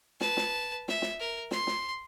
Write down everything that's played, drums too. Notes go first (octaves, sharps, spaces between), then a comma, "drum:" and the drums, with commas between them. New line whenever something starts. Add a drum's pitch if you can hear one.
B4 A5, drum: snare
drum: snare
E5, drum: snare
drum: snare
A#4
C6, drum: snare
drum: snare